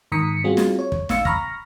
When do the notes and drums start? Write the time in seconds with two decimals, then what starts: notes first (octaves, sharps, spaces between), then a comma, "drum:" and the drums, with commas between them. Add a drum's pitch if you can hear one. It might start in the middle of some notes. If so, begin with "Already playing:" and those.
0.12 G#2 D#3 A#5 D#6 B6 C#7
0.44 G3 C4 F4 F#4 G#4
0.57 drum: snare
0.79 C#5
0.92 drum: kick
1.09 A#1 F5 E6 C#7, drum: snare
1.25 A#5 B5 C#6 F6 A#6, drum: kick